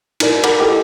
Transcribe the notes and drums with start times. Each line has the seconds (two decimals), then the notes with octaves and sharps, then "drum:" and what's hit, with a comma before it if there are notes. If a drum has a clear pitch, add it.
0.20 D#4 E4 A#4 D5, drum: cymbal
0.44 A#4 F#5 A#5 B5 D6, drum: cymbal
0.60 E4 G4 A4 D#5 G5 D6